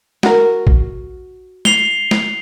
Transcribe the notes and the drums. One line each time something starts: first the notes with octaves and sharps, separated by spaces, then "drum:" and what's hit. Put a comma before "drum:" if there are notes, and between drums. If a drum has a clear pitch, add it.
F#4 A#4, drum: snare
drum: kick A#1
C7 F7 G7, drum: snare
drum: snare